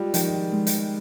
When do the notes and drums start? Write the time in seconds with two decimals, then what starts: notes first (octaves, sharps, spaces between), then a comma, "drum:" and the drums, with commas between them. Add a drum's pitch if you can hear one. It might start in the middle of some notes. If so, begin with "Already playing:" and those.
Already playing: G3 G#3 F4
0.14 D#3 F3, drum: hi-hat
0.53 G#3
0.67 drum: hi-hat